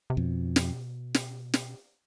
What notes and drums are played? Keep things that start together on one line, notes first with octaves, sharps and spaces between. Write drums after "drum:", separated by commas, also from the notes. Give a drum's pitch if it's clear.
C3
F2 B2
drum: snare
drum: snare
drum: snare